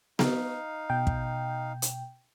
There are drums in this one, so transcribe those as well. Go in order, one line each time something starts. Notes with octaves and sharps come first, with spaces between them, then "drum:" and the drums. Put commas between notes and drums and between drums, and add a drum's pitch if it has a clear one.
D#4 F5, drum: snare B3
B2 G5
drum: kick
drum: hi-hat